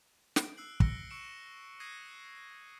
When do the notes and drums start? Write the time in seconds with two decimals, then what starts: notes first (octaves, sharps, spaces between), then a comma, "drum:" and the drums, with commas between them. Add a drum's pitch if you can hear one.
0.36 D7, drum: snare
0.57 E6 F#6 C7 F#7
0.80 E6 A#6 C#7 G7, drum: kick
1.10 C#6 E6 C#7 D7 E7
1.80 D#6 F#6 G#6 A#6 C7 D#7